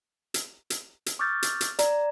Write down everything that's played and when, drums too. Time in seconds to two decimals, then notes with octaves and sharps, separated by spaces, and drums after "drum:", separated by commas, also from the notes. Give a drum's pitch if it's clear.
0.34 drum: hi-hat
0.70 drum: hi-hat
1.06 drum: hi-hat
1.19 C#6 D6 E6 F6 G6 A6
1.43 drum: hi-hat
1.61 drum: hi-hat
1.79 D5 A#5, drum: hi-hat